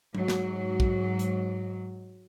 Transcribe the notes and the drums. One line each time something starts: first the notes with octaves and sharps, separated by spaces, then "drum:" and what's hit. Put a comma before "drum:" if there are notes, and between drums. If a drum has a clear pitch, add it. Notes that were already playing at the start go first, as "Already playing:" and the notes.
G#2 F#3, drum: tom
drum: snare
drum: kick
drum: hi-hat